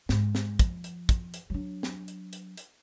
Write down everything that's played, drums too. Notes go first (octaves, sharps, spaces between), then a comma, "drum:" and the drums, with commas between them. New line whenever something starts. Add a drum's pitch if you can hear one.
G#2, drum: snare
drum: snare
F3, drum: kick, hi-hat
drum: hi-hat
drum: kick, hi-hat
drum: hi-hat
F#3 D4
drum: snare
drum: hi-hat
drum: hi-hat
drum: hi-hat